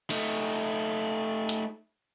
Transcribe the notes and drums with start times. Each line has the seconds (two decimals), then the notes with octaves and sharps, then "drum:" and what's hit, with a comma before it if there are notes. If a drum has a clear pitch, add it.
0.10 A3 D#4, drum: cymbal
1.49 drum: hi-hat